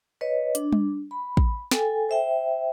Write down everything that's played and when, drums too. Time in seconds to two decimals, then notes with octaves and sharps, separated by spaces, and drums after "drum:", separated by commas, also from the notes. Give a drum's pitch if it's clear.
0.21 B4 C#5 D#5
0.55 D4, drum: hi-hat
0.72 drum: tom G3
1.11 B5
1.37 drum: kick
1.71 A4 G5 G#5, drum: snare
2.09 C5 E5 G5